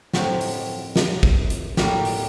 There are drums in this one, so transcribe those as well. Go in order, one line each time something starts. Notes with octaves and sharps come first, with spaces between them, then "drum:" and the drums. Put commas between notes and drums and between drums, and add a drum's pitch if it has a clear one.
A2 F#3 C4 F#4, drum: snare
drum: open hi-hat
drum: snare
drum: kick
drum: hi-hat
A2 G3 A#3 F#4, drum: snare
drum: open hi-hat